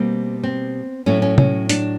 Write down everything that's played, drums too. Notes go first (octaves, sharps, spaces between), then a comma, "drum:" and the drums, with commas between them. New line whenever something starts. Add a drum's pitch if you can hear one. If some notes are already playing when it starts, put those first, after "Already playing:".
Already playing: B2 G3 A#3 C4
C4
A2 F#3 A3 C#4
C#4
C#4, drum: tom C3
D4, drum: hi-hat